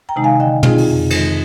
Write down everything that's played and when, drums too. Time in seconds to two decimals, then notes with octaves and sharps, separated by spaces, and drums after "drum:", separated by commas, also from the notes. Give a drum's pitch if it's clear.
0.09 G5 A#5
0.16 C3 D#3 G#3 D#4
0.24 F5 G#5
0.40 D3 D#5 G5
0.63 G#3 C4 D#4 F4 G#4, drum: tom
0.78 drum: open hi-hat
0.87 F2
1.10 D#3 G#3 D#4, drum: cymbal